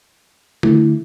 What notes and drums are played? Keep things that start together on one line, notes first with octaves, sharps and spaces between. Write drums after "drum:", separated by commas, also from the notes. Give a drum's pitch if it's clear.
D3 A3 E4, drum: tom D3